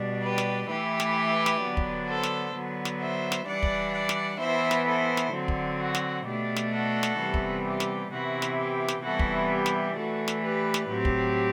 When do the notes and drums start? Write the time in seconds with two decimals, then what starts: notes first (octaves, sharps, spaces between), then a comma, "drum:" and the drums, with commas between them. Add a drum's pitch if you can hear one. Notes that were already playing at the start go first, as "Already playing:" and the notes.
Already playing: B2 G3 D4
0.22 G4 B4
0.38 drum: snare
0.68 E3 A3 E4 G4 B4
1.00 drum: snare
1.46 drum: snare
1.61 D3 F#3 B3 D4
1.77 drum: kick
2.08 A4 C5
2.23 drum: snare
2.54 D3 F#3 B3
2.85 drum: snare
3.01 C5 E5
3.32 drum: snare
3.47 E3 G3 D4 D5 F#5
3.63 drum: kick
3.93 D5 F#5
4.09 drum: snare
4.40 E3 B3 E4 C5 E5
4.71 drum: snare
4.86 A4 C5
5.17 drum: snare
5.33 D3 F#3 C4
5.48 drum: kick
5.79 F#4
5.95 drum: snare
6.25 B2 A3 D4 G4
6.56 drum: snare
6.72 F#4 A4
7.03 drum: snare
7.18 C3 E3 G3 B3
7.34 drum: kick
7.65 G4
7.80 drum: snare
8.11 C3 E3 B3 E4 F#4
8.42 drum: snare
8.57 G4
8.88 drum: snare
9.04 C3 E3 G3 B3 E4 F#4 A4
9.19 drum: kick
9.50 G4
9.66 drum: snare
9.97 E3 A3 D4 F#4 A4
10.28 drum: snare
10.43 G4 B4
10.74 drum: snare
10.90 A2 F#3 C4 G4
11.05 drum: kick